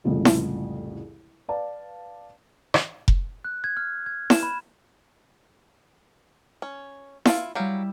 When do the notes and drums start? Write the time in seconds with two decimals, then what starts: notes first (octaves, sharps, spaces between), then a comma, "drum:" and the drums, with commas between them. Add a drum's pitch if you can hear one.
0.04 C2 F2 A2 C#3 F3 G#3
0.25 drum: snare E4
1.48 B4 D5 F5 A5
2.74 drum: rim click
3.08 drum: kick F1
3.45 F#6
3.64 G#6
3.77 F6
4.06 G#6
4.30 E7, drum: snare E4
4.43 B5
6.62 C#4
7.26 E4 F4 F5, drum: snare E4
7.55 F#3 G3 E4 G4 F5